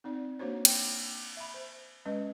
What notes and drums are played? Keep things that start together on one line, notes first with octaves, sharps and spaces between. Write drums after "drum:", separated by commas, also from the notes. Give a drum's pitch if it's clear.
C4 D#4 D5
A#3 D4 F#4 C5 C#5
G5, drum: cymbal
E5 B5
C5
G#3 C#4 B4 D#5